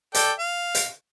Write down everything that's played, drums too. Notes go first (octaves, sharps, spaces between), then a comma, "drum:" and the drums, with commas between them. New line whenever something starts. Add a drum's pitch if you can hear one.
A4 D5 G5, drum: hi-hat
F5
drum: hi-hat